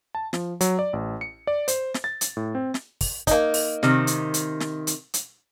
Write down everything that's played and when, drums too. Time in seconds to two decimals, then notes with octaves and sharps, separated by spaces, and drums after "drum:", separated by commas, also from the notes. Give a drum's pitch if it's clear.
0.15 A5
0.33 F3, drum: snare
0.61 F#3, drum: hi-hat
0.79 D5
0.93 A1
1.21 C#7
1.47 D5
1.68 C5, drum: hi-hat
1.94 drum: snare
2.04 A6
2.21 drum: hi-hat
2.37 A2
2.55 C4
2.74 drum: snare
3.01 drum: kick, open hi-hat
3.27 A#3 D#4, drum: kick, hi-hat
3.54 drum: open hi-hat
3.83 C3 D#3, drum: snare
4.07 drum: hi-hat
4.34 drum: hi-hat
4.60 drum: snare
4.87 drum: hi-hat
5.14 drum: hi-hat